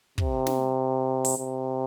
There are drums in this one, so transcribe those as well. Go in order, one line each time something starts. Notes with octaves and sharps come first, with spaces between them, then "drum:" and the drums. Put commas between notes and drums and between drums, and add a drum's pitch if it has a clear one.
C3, drum: kick
drum: snare
drum: open hi-hat
C3